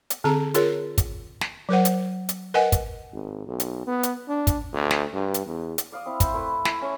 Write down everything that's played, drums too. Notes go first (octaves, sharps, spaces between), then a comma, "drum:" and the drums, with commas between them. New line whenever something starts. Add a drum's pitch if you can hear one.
drum: hi-hat
D3 C4 G#4 A#5
F4 G#4 A#4 C#5, drum: hi-hat
drum: kick, hi-hat
drum: snare
F#3 A#4 C5 F#5
drum: hi-hat
drum: hi-hat
A#4 B4 D#5 F#5 G#5
drum: kick, hi-hat
G#1
B1
drum: hi-hat
B3
drum: hi-hat
D4
drum: kick, hi-hat
D2
drum: snare
G2
drum: hi-hat
E2
drum: hi-hat
D5 F5 D6 D#6
C4 E4
C5 E5 A5, drum: kick, hi-hat
A3 E4 B4
E4, drum: snare
C#4 C#6